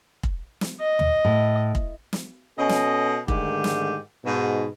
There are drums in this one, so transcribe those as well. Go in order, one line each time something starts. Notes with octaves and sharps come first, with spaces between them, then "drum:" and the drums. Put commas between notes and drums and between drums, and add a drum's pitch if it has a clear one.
drum: kick
drum: snare
D#5
drum: tom
A2
drum: kick
drum: snare
B2 C#4 A4 D#5
drum: snare
G#2 D3 D#3 A3 G4, drum: kick
drum: snare
G#2 B2